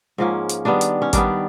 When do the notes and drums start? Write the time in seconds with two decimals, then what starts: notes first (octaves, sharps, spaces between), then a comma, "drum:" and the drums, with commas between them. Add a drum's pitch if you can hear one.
0.18 G#2 F3 A#3 C#4
0.50 drum: hi-hat
0.65 D#3 G3 B3 D4
0.81 drum: hi-hat
1.02 C#4
1.13 D#3 G3 B3 D4, drum: kick, hi-hat